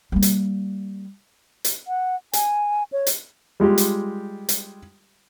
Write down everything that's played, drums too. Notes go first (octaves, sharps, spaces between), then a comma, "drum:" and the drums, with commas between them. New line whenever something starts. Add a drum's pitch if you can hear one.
G3 A#3
drum: hi-hat
drum: hi-hat
F#5
G#5, drum: hi-hat
C#5
drum: hi-hat
G3 G#3 F4 G4
drum: hi-hat
drum: hi-hat